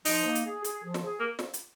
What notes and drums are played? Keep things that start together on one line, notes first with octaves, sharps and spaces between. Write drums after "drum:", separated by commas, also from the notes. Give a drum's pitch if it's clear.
F3 D#4, drum: open hi-hat
A#3
drum: hi-hat
G#4
G#4, drum: hi-hat
F3
drum: snare
G#4
A#3
drum: snare
drum: hi-hat